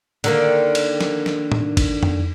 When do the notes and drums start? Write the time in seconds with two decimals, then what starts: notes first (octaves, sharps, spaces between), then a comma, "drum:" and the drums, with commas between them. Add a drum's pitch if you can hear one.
0.24 D3 D#3 A#3, drum: cymbal
0.75 drum: cymbal
1.01 drum: snare
1.26 drum: snare
1.52 drum: tom A2
1.77 drum: kick, cymbal
2.03 drum: tom F2